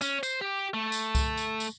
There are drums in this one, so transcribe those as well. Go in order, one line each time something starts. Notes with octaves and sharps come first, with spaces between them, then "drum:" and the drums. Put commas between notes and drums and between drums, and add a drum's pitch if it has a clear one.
C#4, drum: tambourine
C5, drum: tambourine
G4
A3
drum: tambourine
drum: kick C2, tambourine
drum: tambourine
drum: tambourine